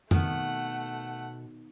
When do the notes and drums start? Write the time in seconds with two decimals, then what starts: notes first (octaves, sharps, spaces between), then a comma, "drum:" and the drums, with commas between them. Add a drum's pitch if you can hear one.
0.11 B2 D#3 A3 B3 F#5, drum: tom F2